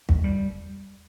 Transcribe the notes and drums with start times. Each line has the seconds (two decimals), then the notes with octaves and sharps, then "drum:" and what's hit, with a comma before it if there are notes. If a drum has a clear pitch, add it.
0.09 D#2, drum: kick
0.24 G3